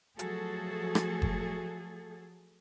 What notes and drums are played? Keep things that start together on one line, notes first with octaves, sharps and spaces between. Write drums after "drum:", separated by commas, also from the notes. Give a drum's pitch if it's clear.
F3 F#3 A3 F#4 G#4 A4, drum: hi-hat
drum: rim click
drum: kick F#1